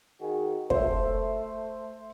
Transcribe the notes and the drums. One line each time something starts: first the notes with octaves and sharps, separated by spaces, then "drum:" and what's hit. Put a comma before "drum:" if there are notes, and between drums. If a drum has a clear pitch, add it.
D#3 F#4 G#4
A3 C5 E5, drum: kick